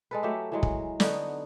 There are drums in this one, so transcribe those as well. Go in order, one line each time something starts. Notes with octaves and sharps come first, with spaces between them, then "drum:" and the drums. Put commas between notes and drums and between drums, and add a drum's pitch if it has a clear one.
G#3 A4 B4
F#3 A3 G4 E5
E3 F#3 G#3
drum: kick
D3 B3 D#4 F#4, drum: snare